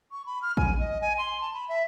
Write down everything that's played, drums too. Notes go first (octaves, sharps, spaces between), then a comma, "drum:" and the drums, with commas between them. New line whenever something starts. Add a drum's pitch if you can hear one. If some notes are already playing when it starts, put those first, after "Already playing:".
C#6
B5
F6
G#5, drum: kick
D#5
G#5
C6
A5
B5
E5